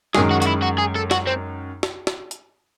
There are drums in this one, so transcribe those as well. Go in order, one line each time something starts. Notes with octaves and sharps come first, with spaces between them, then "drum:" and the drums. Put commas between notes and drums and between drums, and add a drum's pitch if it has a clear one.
F#2 D#3 G#3 G#4, drum: snare
F#4
F#4, drum: hi-hat
E4
F#4
G#4
A4
F#4, drum: snare
C4
drum: snare
drum: snare
drum: hi-hat